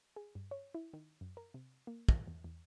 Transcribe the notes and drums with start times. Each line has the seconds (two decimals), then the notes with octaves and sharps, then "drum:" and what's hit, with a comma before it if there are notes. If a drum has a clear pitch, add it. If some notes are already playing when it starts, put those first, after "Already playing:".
0.16 G#4
0.35 G2
0.51 C#5
0.75 E4
0.93 D#3
1.21 F#2
1.37 A#4
1.54 C3
1.87 A#3
2.09 A#6, drum: kick
2.28 E2
2.44 E2